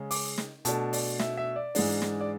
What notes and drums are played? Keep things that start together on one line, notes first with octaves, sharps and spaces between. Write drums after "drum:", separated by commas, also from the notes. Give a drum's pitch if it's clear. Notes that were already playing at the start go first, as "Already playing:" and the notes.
Already playing: C#3 G#3 C#4
D6, drum: open hi-hat
drum: snare
B2 A3 D4 A5, drum: hi-hat
D5, drum: open hi-hat
E5, drum: snare
E5
D5
G#2 E3 G#3 D4, drum: open hi-hat
drum: snare
D5